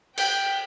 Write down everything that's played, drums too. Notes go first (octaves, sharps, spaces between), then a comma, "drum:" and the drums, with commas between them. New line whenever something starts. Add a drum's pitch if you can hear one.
G5, drum: cymbal